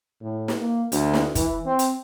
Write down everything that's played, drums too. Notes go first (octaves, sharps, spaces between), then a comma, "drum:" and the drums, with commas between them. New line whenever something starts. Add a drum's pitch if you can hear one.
A2
drum: snare
A#3
D2, drum: hi-hat
drum: snare
E3, drum: kick, hi-hat
C4
drum: hi-hat